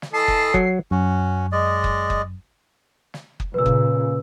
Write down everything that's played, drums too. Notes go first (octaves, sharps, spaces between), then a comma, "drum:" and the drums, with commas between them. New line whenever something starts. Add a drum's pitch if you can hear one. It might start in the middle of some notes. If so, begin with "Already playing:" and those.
drum: snare
E3 A4 D#5 A5 C7
drum: kick F#1
F#3, drum: kick F#1
F#2 C#4 F#4
G#3 D5 D#5
drum: kick F#1
drum: kick F#1
drum: snare
drum: kick F#1
A#2 C#3 B4 E6
drum: kick F#1